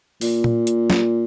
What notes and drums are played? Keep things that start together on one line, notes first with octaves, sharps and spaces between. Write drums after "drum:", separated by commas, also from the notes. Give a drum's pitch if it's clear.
A#2, drum: open hi-hat
drum: tom A#2
drum: hi-hat
drum: snare